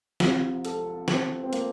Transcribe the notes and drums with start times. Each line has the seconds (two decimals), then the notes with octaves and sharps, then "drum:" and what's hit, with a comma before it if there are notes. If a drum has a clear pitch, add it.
0.20 C2 C3 F3 F4, drum: snare
0.65 A4, drum: hi-hat
1.08 C4, drum: snare
1.43 C4
1.53 A#3, drum: hi-hat